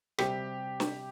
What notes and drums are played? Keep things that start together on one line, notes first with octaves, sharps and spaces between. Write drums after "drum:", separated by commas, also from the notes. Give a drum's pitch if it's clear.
C3 G3 C4 G4, drum: rim click
drum: snare